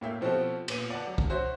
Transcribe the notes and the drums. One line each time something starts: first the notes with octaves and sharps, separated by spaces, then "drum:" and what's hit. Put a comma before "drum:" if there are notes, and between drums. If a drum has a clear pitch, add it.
A2 A#3 E5 G5
B2 F3 C4 F#4 G4 A4
A#2 B3 D#7, drum: cymbal
D5 F#5 A5
F#3
drum: kick
F#4 C5 C#5 E5